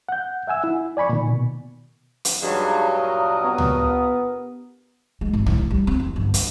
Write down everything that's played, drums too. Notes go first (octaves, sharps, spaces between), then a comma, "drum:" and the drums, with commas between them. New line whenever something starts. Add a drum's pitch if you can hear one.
F#5 G6
E5 F#5 G#5 E6
E4
D5 G#5 B5 C#6
A#2 D#3
B2
drum: hi-hat
G2 F#3 G#3 D#4 G#4
A#2 A#4 D#6
B3
drum: tom C#2
G#3
G#1
E4, drum: tom C#2
D2
G3
C4
E2
G1
F#2, drum: hi-hat